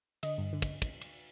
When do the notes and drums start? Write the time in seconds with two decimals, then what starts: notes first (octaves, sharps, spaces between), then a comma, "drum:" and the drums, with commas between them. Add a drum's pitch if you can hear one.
0.23 D3 D#5, drum: cymbal
0.38 G2
0.53 D3
0.62 drum: kick, cymbal
0.82 drum: kick, cymbal
1.01 drum: cymbal